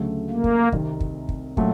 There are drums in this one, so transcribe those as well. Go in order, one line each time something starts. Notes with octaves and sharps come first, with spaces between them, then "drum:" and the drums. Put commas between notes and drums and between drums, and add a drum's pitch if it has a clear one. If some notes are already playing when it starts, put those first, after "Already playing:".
Already playing: D2 C#3 F#3 A3
A#3
drum: kick
C2 C3 D#3, drum: kick
drum: kick
drum: kick
A#2 F#3 A3, drum: kick